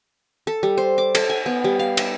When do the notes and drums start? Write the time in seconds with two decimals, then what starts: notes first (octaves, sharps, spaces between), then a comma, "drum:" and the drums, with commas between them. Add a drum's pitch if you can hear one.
0.47 A4
0.63 G3
0.77 C5
0.98 D6
1.15 A4, drum: cymbal
1.30 G#5
1.46 B3
1.64 G3
1.79 F5
1.97 E5, drum: cymbal